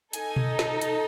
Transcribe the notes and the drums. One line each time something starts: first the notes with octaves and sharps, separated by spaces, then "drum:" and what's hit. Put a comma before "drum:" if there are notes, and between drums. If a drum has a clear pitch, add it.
D#4 A4 G#5, drum: hi-hat
drum: tom B2
drum: snare
drum: hi-hat